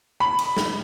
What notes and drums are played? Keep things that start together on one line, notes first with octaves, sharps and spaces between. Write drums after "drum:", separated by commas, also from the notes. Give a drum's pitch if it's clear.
B5
drum: cymbal
drum: snare